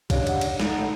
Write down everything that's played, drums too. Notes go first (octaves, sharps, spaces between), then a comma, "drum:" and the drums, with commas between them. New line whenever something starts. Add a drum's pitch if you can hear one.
C#3 D4 D#4 G4, drum: kick B1, cymbal
F#5, drum: cymbal
drum: cymbal
A3 D#4, drum: snare
D3 A3